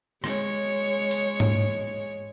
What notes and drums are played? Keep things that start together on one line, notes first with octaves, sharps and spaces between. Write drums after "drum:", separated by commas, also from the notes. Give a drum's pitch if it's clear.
G#3 C#5, drum: rim click
drum: open hi-hat
drum: tom G#2